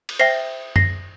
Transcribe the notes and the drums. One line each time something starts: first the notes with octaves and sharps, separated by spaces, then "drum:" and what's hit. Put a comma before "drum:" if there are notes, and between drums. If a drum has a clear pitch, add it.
drum: cymbal
C5 E5 G5 A#6 C7
A#6 C7, drum: tom F#2